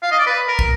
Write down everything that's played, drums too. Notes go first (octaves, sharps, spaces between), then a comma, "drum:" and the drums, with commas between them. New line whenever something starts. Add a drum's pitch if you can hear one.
F5
D#5
D5
B4
A#4
drum: kick